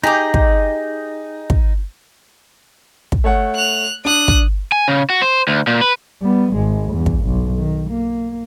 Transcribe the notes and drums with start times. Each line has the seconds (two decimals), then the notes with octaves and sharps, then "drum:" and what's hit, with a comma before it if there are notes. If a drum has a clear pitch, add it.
0.04 D#4 G4 G#4 D#5 A#5 D6
0.34 drum: kick
1.50 drum: kick
3.12 drum: kick
3.24 A3 C#5 F#5
3.55 F#6 F7
4.05 D4 D#6 F#6
4.28 drum: kick
4.72 G#5
4.88 C#3
5.10 F#4
5.22 C5
5.48 D2
5.67 A#2
5.81 B4
6.22 G3 B3
6.54 G#1 G#3
6.92 E2 G2
7.06 drum: kick
7.25 B1
7.57 D#3
7.90 A#3